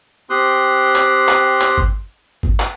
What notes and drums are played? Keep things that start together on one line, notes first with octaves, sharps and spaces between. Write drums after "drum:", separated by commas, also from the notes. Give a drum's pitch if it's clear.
C4 G4 C6 D#6 F#6
drum: clap
drum: clap
drum: clap
drum: kick G1
drum: kick G1
drum: clap